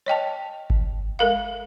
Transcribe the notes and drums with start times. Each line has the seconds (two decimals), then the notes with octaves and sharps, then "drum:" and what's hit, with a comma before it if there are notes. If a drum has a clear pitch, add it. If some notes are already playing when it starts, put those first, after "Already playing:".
0.06 C#5 D#5 G5 A5
0.70 drum: kick G1
1.19 G#3 A4 A#4 F5